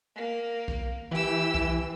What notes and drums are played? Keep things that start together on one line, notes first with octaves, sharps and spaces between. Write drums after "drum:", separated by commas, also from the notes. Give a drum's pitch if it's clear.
A#3 A#4
drum: kick B1
E3 G4 E6
drum: kick B1